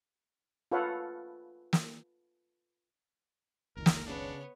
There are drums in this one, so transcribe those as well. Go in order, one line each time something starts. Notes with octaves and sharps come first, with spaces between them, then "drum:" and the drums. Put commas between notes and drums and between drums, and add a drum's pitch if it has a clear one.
F4 A4 B4 C#5 F5 F#5
drum: snare
F#1 C#2 D#3 A#4
drum: snare
C#3 B3 D4 C#5